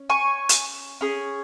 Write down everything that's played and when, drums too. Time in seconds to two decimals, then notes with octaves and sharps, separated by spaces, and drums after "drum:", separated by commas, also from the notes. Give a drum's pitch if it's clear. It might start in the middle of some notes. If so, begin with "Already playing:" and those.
Already playing: C#4
0.10 G#5 C#6
0.49 drum: hi-hat
1.01 C#4 G#4